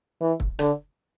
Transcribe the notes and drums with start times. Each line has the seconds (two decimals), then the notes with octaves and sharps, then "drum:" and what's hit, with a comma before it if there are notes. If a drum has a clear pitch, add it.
0.21 E3
0.40 drum: kick
0.59 D3, drum: rim click